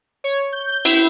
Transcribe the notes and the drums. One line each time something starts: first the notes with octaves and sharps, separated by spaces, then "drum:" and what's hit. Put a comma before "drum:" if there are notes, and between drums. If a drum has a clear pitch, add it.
C#5
G6
E4, drum: cymbal